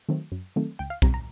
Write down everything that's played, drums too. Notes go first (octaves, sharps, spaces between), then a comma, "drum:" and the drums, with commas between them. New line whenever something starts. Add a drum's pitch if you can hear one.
D#3 F#3 A3 C4
F#2
D#3 F#3 A3 C4
C#2 G5
F5
B2 G3 C4 A#5, drum: kick B1
A#5